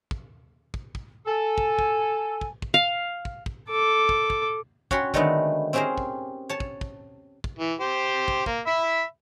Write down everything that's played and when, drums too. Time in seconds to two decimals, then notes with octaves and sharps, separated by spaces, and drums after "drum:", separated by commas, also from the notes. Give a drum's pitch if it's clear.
0.11 drum: kick
0.74 drum: kick
0.95 drum: kick
1.26 A4 G#5
1.58 drum: kick
1.79 drum: kick
2.41 drum: kick
2.62 drum: kick
2.74 F5
3.25 drum: kick
3.46 drum: kick
3.69 A4 D6
4.09 drum: kick
4.30 drum: kick
4.91 C#4 F#4 C#5 G5 B5 C6, drum: kick
5.14 D3 D#3 F#3 G#3 A3 B3, drum: kick
5.73 C4 C#4 G4 G#4 A#4 C5
5.98 drum: kick
6.49 C#5 A5
6.60 drum: kick
6.81 drum: kick
7.44 drum: kick
7.59 E3
7.80 G4 C5
8.28 drum: kick
8.46 A#3, drum: kick
8.66 E5 B5